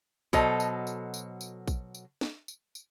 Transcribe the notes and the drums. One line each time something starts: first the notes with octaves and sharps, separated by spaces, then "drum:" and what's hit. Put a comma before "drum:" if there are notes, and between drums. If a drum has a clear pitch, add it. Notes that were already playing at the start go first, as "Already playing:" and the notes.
B2 F#3 A4 C5 D#5, drum: kick A#1, tambourine
drum: tambourine
drum: tambourine
drum: tambourine
drum: tambourine
drum: kick A#1, tambourine
drum: tambourine
drum: snare
drum: tambourine
drum: tambourine